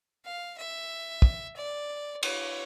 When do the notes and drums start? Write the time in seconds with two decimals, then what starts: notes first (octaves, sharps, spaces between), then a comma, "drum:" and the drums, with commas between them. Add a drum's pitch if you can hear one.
0.25 F5
0.58 E5
1.22 drum: kick
1.56 D5
2.23 C#5, drum: cymbal